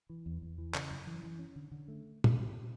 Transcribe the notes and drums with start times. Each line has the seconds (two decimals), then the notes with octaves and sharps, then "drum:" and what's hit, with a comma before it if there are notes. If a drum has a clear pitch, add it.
0.10 E3
0.26 E2
0.42 E2
0.58 E3
0.74 C#3, drum: clap
0.91 F#2
1.07 E3
1.24 E3
1.39 C#4
1.56 D3
1.71 D3
1.88 A3
2.24 drum: tom